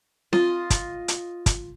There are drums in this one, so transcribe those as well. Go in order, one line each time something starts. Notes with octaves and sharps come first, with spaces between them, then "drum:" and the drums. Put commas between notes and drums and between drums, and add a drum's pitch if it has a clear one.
F4 D#5, drum: snare C4
drum: kick, hi-hat
drum: hi-hat
drum: kick, hi-hat